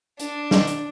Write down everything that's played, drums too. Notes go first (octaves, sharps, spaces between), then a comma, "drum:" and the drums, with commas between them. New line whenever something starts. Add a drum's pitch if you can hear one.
D4, drum: hi-hat
drum: snare
drum: hi-hat